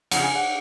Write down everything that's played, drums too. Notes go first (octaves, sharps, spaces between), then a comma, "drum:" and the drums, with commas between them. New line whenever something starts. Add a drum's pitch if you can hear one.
F2 C#3 F#5, drum: cymbal
G#5
F#5